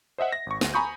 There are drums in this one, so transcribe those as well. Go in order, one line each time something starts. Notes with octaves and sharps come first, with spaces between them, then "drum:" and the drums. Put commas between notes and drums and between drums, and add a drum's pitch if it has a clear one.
C5 D#5 E5 F#5
A#6
G#1 C#6
D2, drum: snare
G#5 A#5 B5 C#6 D#6 G6